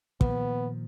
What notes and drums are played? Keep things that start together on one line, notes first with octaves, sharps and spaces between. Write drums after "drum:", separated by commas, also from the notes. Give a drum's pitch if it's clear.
A#2 D#3 F3 B3, drum: kick